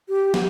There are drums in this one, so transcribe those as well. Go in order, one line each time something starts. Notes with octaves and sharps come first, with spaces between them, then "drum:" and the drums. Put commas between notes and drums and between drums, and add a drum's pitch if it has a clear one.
G4
B3, drum: snare